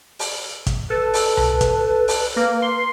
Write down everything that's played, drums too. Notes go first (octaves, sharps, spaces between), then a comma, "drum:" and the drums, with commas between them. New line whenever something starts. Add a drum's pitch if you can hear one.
drum: open hi-hat
drum: kick, hi-hat
A4 B4
drum: open hi-hat
drum: tom C2
drum: kick, hi-hat
drum: open hi-hat
A#3
C6